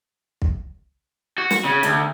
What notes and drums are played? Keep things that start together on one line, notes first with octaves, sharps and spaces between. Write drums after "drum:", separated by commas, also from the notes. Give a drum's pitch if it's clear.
drum: kick
F#4
drum: snare
C#3
D2, drum: hi-hat